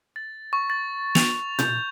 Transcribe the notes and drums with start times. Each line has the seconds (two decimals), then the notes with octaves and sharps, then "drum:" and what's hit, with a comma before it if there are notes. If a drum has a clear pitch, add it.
0.16 A6
0.53 C#6
0.70 A6
1.15 F7, drum: snare
1.59 G6, drum: tom A#2